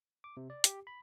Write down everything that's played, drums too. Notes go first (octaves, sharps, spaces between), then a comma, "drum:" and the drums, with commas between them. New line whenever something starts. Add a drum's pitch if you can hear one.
D6
C3
D5
G4, drum: hi-hat
B5